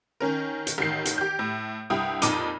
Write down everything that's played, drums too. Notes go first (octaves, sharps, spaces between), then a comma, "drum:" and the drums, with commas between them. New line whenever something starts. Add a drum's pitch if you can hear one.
D#3 C#4 A#4
drum: hi-hat
A1 D#3 C7
drum: hi-hat
G4 G6
A2
C2 G2 E4 G5 D#6
F2 A#2 D#4 D6 D#7, drum: hi-hat